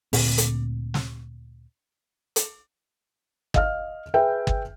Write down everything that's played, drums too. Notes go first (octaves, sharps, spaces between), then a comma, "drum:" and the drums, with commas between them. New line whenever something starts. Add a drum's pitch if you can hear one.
D2 A#2 C4, drum: open hi-hat
drum: hi-hat
drum: snare
drum: hi-hat
D#5 F5 F6, drum: kick
G#4 B4 E5 G5
drum: kick